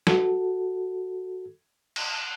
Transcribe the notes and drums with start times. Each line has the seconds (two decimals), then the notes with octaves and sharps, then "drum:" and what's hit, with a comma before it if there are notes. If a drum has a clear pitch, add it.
0.07 F#4 A4, drum: snare
1.96 drum: cymbal